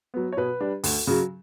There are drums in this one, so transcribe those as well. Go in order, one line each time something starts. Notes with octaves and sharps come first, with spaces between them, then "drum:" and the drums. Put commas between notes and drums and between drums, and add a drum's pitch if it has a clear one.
F#3 B3
C#5
B2 B4
G3 D4
D2, drum: open hi-hat
C#3 F#3